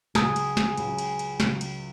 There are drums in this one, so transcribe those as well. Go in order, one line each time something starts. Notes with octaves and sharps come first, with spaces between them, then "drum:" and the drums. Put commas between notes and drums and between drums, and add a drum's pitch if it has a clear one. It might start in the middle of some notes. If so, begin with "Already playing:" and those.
C#2 C#3 F#3 G#4, drum: snare
drum: cymbal
drum: snare
C#2 C#3 F#3, drum: cymbal
drum: cymbal
drum: cymbal
C#2 C#3 F#3, drum: snare
drum: cymbal